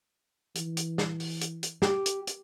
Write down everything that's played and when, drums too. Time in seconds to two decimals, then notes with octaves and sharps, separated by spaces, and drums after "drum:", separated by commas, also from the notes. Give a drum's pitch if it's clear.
0.55 E3, drum: hi-hat
0.77 drum: hi-hat
0.98 drum: snare
1.20 drum: open hi-hat
1.41 drum: hi-hat
1.63 drum: hi-hat
1.82 G4, drum: snare
2.06 drum: hi-hat
2.27 drum: hi-hat